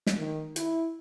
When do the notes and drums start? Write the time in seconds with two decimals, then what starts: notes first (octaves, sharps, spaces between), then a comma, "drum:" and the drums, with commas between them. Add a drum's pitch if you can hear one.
0.07 drum: snare
0.17 D#3
0.56 E4, drum: hi-hat